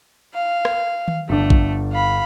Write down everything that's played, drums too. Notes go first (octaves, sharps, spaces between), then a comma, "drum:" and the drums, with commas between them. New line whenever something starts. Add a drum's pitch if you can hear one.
F5
drum: rim click
drum: tom D#3
G1 A3 D4
drum: kick
F5 B5